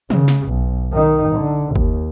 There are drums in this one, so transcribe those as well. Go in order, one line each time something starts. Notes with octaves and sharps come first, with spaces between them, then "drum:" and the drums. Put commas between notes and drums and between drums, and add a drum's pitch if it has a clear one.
C#3, drum: tom
drum: snare
B1
D#3 D#4
D3
D#2, drum: kick